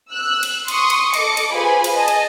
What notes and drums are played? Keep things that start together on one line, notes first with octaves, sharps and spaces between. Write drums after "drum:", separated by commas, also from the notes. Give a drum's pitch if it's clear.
E6 F#6
drum: cymbal
C6 C#6 D#6, drum: cymbal
drum: cymbal
A4 D#5 D6 C#7, drum: cymbal
drum: cymbal
F4 G#4 B4 C5 G#5 B5
drum: cymbal
G#4 D#5 G#5 A5
drum: cymbal